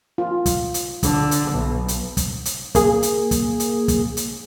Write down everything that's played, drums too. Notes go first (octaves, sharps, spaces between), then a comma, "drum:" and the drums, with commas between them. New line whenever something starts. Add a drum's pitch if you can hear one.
F4
drum: kick, hi-hat
drum: hi-hat
D3, drum: kick, hi-hat
drum: hi-hat
B1
drum: hi-hat
drum: kick, hi-hat
drum: hi-hat
A#3 G#4, drum: kick, hi-hat
drum: hi-hat
drum: kick, hi-hat
drum: hi-hat
drum: kick, hi-hat
drum: hi-hat